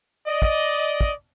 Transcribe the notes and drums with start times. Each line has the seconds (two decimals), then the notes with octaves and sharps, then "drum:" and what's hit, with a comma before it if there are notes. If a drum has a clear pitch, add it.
0.27 D5 D#5
0.42 drum: kick
1.01 drum: kick